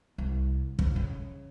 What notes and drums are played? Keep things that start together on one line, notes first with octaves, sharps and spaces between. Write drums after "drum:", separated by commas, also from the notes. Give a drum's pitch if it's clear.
C2
F2, drum: kick
C#3